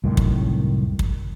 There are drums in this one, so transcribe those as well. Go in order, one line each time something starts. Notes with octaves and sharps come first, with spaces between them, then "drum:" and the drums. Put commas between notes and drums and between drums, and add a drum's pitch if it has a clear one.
C2 F#2 A2 D#3
drum: kick
drum: kick